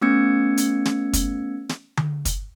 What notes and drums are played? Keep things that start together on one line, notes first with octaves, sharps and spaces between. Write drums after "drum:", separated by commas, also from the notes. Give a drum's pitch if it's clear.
A3 B3 C#4 E6 G#6 C#7
drum: hi-hat
drum: snare
drum: kick, hi-hat
drum: snare
drum: tom D3
drum: kick, hi-hat